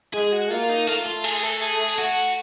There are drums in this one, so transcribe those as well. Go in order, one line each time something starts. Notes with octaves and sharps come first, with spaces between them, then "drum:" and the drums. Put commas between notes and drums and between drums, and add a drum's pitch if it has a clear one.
G#3 G#4
F#4
A#3 F4
D#4
A3 F4, drum: hi-hat
F4
G#4, drum: cymbal
A4
G#4
drum: cymbal
F#4